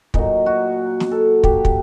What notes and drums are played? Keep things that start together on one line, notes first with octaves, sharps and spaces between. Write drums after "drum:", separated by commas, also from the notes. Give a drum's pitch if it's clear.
A#2 F#3 D#4, drum: kick
F#4
drum: snare
A4
G4, drum: kick
drum: kick